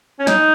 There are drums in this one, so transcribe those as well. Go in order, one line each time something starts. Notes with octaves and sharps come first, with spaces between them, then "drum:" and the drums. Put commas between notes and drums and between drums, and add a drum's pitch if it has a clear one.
C#4
D#4, drum: snare